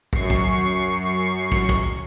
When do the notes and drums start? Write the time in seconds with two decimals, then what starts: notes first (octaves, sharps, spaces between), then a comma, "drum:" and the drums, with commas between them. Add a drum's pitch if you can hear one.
0.13 F#2 C#6 C7, drum: kick
0.30 drum: kick
1.52 drum: kick
1.69 drum: kick